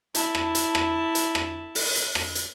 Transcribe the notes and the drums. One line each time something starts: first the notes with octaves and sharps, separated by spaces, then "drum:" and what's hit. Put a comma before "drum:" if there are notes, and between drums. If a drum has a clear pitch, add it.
E4 A5, drum: hi-hat
drum: rim click
drum: hi-hat
drum: rim click
drum: hi-hat
drum: rim click
drum: open hi-hat
drum: hi-hat
drum: rim click
drum: hi-hat